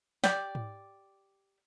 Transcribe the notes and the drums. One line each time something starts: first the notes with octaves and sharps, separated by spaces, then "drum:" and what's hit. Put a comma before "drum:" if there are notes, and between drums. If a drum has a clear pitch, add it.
G4 D5, drum: snare
drum: tom G#2